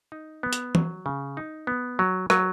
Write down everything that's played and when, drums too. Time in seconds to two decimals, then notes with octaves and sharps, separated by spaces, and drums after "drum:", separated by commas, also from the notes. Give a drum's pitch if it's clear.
0.12 D#4
0.43 B3
0.53 drum: hi-hat
0.75 F#3, drum: tom E3
1.06 C#3
1.37 D#4
1.67 B3
1.99 F#3
2.30 F#3, drum: rim click